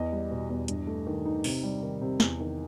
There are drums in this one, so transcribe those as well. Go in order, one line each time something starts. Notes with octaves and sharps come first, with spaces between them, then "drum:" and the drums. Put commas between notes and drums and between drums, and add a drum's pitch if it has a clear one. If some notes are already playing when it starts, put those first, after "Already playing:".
Already playing: E2 D#5
G3
B2
E2
G2, drum: hi-hat
A3
D#3
D#4
C3, drum: open hi-hat
G3
D#3
C3
E2, drum: snare
D#3